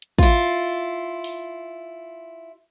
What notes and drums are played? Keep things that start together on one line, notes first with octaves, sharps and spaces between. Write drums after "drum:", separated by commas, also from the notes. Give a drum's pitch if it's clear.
drum: hi-hat
E4 F4, drum: kick
drum: open hi-hat